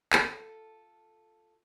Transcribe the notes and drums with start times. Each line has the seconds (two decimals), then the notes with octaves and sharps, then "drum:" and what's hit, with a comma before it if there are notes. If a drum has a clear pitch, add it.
0.13 F4 A4, drum: clap